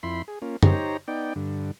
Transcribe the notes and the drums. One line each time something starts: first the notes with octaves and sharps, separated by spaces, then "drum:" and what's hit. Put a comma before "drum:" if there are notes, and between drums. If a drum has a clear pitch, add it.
F2 E4 B5 C6
G#4
A#3 C#4 F4
D#4 G4 C5 C#5 A#5, drum: tom F#2
B3 D#4 D5 G5
G2 D3